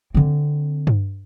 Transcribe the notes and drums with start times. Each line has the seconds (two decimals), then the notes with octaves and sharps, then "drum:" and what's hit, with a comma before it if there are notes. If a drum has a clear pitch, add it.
0.14 D3 C4
0.87 drum: tom G2